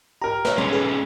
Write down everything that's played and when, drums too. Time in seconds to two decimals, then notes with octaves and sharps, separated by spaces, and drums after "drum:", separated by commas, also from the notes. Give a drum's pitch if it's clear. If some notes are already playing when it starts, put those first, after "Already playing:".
0.22 G4 A#4 A#5
0.45 B4 C#5, drum: snare
0.58 G#3 B3 C#4 C6, drum: tom
0.73 G#4 A4 B4